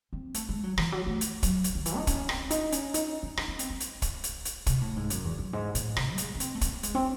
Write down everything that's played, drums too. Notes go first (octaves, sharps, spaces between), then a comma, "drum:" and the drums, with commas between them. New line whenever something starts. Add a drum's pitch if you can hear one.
C4
A3, drum: hi-hat
G#3
F#3
E3, drum: rim click
F#3
A3
drum: hi-hat
F#3, drum: kick, hi-hat
drum: hi-hat
D#3
E3, drum: hi-hat
D#4
C#4, drum: kick, hi-hat
C4, drum: rim click
D#4, drum: hi-hat
C#4, drum: hi-hat
D#4, drum: hi-hat
D#4
C#4, drum: rim click
C#4
C4, drum: hi-hat
G#3
drum: hi-hat
drum: kick, hi-hat
drum: hi-hat
drum: hi-hat
C3, drum: kick, hi-hat
A2
G#2
F#2, drum: hi-hat
E2
F#2
G#2
A2, drum: hi-hat
C3, drum: rim click
A3
G#3, drum: hi-hat
C#4
C4, drum: hi-hat
A3
C4, drum: kick, hi-hat
G#3, drum: hi-hat
C4